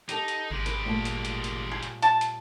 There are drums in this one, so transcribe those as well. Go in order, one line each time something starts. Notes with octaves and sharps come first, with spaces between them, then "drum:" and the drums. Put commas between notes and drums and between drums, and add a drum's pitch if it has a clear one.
D#4 G4 A4, drum: hi-hat
drum: hi-hat
G#1 G#3 G4
B4, drum: hi-hat
A#2 G3 A3
drum: hi-hat
drum: hi-hat
drum: hi-hat
G#4
drum: hi-hat
A5, drum: hi-hat
drum: hi-hat